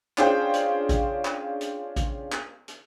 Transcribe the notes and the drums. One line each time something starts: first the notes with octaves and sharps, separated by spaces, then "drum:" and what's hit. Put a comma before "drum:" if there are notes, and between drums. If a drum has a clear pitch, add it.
C#4 D4 F4 G#4 C5 G5, drum: clap
drum: hi-hat
drum: kick A1, hi-hat
drum: clap
drum: hi-hat
drum: kick A1, hi-hat
drum: clap
drum: hi-hat